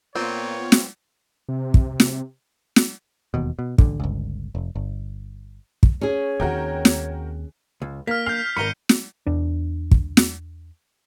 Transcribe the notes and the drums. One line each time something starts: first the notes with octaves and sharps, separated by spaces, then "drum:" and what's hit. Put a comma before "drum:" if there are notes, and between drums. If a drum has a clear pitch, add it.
A#2 B3 C4 F4 C#5
drum: snare
C3
drum: kick
drum: snare
drum: snare
E1 D#2 B2
B2
A1 D3, drum: kick
G1 C#2
F1
G1
drum: kick
C#4 G#4 C#5
D#2 C4 F#4 A#4 G5
drum: snare
C#2
A#3 A#4 F6 B6
F6 G6 C7
G#1 A#4 A#5 B5 C#7 D#7 G7
drum: snare
E2 D4
drum: kick
drum: snare